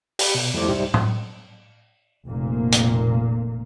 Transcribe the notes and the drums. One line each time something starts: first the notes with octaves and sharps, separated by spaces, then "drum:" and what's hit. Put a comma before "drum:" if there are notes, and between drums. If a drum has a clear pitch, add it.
G4 B5, drum: open hi-hat
B2
F2 G3 A3 E4 C5 D6
C2 G#2 G3 D#4 C5 E5
drum: tom
F1 A#2 A#3
drum: hi-hat